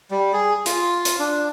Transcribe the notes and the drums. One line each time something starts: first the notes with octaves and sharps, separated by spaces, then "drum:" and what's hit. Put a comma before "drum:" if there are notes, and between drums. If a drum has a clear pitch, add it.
G3
G#4
F4, drum: hi-hat
drum: hi-hat
D4